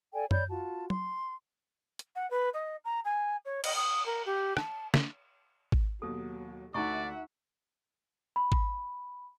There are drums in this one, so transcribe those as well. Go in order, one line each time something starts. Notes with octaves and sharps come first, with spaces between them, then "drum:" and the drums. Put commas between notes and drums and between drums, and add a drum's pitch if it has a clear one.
A4 D5 G5 G#5
C#5 D5 B5 G6, drum: tom F#2
F4 F#4 A5
C6, drum: tom F#3
drum: hi-hat
F#5
B4
D#5
A#5
G#5
C#5
D#5, drum: cymbal
D#6
A#4
G4
A5, drum: rim click
drum: snare
drum: kick G#1
D#2 B2 F#3 A4
D2 D3 D#4 D5 E5 F#5 A#5 C#6
B5
drum: kick G#1